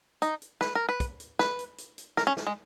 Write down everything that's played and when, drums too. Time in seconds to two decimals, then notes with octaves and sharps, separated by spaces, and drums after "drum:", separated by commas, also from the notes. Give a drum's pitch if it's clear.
0.22 D#4, drum: hi-hat
0.42 drum: hi-hat
0.61 B4, drum: snare
0.75 A#4
0.89 B4
1.00 drum: kick, hi-hat
1.20 drum: hi-hat
1.39 B4, drum: snare
1.59 drum: hi-hat
1.78 drum: hi-hat
1.98 drum: hi-hat
2.17 A#4, drum: snare
2.27 C#4
2.37 drum: snare
2.47 G#3